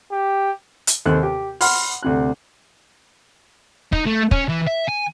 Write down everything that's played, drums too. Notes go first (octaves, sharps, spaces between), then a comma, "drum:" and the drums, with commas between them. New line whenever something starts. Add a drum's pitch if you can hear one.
G4
drum: hi-hat
D#2 C3 A4 C5 F#6
G4
F#5 B5 C6 F6, drum: open hi-hat
D2 C3 F#6
D#4, drum: kick
A3
C#4, drum: kick
E3
E5
G#5